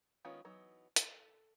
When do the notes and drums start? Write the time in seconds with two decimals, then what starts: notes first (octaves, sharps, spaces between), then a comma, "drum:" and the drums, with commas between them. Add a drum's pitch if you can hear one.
0.25 D#3 G#3 B3 C#4 F4
0.45 E3 F#3 B3 D#4
0.96 A4, drum: hi-hat